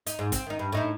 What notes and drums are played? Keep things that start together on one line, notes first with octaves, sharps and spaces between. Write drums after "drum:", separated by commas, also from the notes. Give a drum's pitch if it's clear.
D#4, drum: hi-hat
G#2
C4, drum: kick, hi-hat
D#3 D#4
G2
A2 D#4 E4